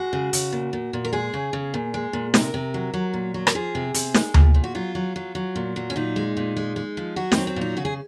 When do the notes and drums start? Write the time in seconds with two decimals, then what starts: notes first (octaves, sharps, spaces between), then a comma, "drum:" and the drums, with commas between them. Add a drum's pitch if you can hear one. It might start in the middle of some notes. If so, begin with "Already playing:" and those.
Already playing: G#3 F#4
0.13 C#3
0.33 C#3, drum: hi-hat
0.52 A#2
0.73 A#2
0.93 A#2
1.05 A#4
1.13 G#3 G#4
1.34 C#3
1.53 C#3
1.74 A#2
1.94 G#3
2.13 A#2
2.34 C3 A#4, drum: snare
2.54 C3
2.74 F#3
2.94 F#3
3.14 A#2
3.34 F#3
3.47 A#4, drum: rim click
3.55 F3 G#4
3.75 C3
3.94 C3, drum: hi-hat
4.14 G#3, drum: snare
4.34 A#2, drum: tom D2
4.54 A#2
4.64 F#4
4.75 F#3 F4
4.95 F#3
5.16 F#3
5.35 F#3
5.56 A#2
5.76 F#3
5.90 C#4
5.96 A#2 D#4
6.16 G#3
6.37 A#2
6.57 G#3
6.76 G#3
6.97 F3
7.16 F#3 F#4
7.32 C4, drum: snare
7.37 F#3
7.47 C4
7.56 A#2
7.61 D#4
7.77 C#3 F#4
7.85 G#4